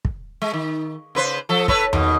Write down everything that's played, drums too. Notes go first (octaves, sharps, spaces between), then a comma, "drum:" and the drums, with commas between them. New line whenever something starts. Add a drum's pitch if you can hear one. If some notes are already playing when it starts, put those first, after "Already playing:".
drum: kick
G#3
D#3
C#3 B4 C5
F3 A4
A4 B4 C#5, drum: kick
D#2 B2, drum: tom E2